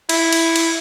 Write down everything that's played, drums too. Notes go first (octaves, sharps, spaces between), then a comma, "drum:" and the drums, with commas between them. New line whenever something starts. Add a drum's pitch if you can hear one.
E4, drum: cymbal
drum: cymbal
drum: cymbal